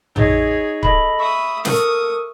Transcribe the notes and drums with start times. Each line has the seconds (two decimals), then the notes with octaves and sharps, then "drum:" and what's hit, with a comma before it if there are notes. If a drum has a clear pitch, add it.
0.16 D#4 G#4 C#5 D#5, drum: tom A#1
0.83 A4 D#5 B5, drum: kick C#1
1.19 E5 B5 C#6 D#6
1.65 A4 A#4 C#6 D#6 E6, drum: snare